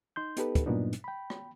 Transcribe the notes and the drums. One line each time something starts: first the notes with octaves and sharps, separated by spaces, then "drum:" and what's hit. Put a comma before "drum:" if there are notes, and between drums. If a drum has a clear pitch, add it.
D#4 C6 G6
B3 D#4 G4 A4 B4, drum: hi-hat
drum: kick, hi-hat
G2 A#2 F#3 B3 D4 D#4
drum: hi-hat
G5 B5
drum: rim click